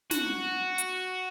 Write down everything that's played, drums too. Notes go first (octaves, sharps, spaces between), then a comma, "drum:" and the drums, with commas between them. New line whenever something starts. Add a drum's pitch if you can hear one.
F#4, drum: snare
drum: hi-hat